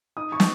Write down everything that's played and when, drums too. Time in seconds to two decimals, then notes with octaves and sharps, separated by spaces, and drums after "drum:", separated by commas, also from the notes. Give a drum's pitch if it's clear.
0.17 D#4 D#6
0.32 C#6
0.40 D#4, drum: snare